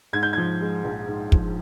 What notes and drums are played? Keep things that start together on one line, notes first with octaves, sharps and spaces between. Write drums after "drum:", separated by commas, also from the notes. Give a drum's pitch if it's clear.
G#2 G#6
G6
F3 G#6
G#3
A#1
G#2
F3, drum: kick